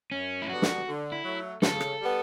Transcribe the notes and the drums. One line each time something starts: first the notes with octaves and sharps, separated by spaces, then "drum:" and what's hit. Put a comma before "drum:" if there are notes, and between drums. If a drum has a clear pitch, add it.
F#2 C#4
E4
D3 G3 B3 D4 F#4
drum: snare
D3
E4
F#3 A3
C#3 A4, drum: snare
drum: rim click
G3 B3